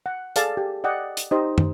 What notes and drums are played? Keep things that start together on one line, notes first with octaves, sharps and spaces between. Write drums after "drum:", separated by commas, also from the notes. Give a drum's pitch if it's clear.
F#5
G#4 A4 D5 F5 A5, drum: hi-hat
G4
D5 D#5 F#5 G5
drum: hi-hat
D#4 G4 C5 D#5
drum: tom